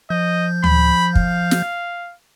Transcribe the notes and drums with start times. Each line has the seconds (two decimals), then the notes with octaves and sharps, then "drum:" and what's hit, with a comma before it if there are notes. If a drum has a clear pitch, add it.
0.10 F3 D#5 G6
0.64 B5, drum: tom D2
1.15 F5, drum: kick
1.51 drum: snare